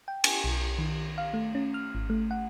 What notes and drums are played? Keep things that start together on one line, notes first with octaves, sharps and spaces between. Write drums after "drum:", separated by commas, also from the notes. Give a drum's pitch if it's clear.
G5
G#5, drum: cymbal
B1
D#3
F5
A3
C#4
F6
G#1
A3
F#5